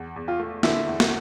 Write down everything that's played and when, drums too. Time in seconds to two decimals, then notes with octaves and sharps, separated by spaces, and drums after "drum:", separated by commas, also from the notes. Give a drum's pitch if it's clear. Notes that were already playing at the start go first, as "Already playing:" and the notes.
Already playing: E2
0.16 E2
0.28 F4
0.40 A3
0.63 D3 E4, drum: snare
0.88 E2
1.00 drum: snare